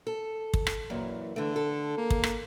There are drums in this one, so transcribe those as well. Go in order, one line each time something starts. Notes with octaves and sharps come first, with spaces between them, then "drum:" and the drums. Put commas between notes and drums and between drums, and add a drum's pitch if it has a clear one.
A4
drum: kick
drum: rim click
F#2 A#2 E3
D3 E3 A3
A4
A#3
drum: kick
drum: rim click